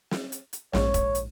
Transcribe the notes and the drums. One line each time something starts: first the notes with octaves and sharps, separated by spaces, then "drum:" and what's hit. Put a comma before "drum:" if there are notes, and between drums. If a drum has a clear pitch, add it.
drum: snare
drum: hi-hat
drum: hi-hat
A#1 G#2 C#5, drum: snare
drum: kick E1, hi-hat
drum: hi-hat